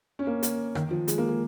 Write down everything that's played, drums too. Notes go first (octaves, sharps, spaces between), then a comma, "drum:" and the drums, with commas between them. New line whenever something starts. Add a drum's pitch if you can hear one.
C#4
A#3
A#3, drum: hi-hat
D#3, drum: rim click
F3
G#3, drum: hi-hat
A#3
G#3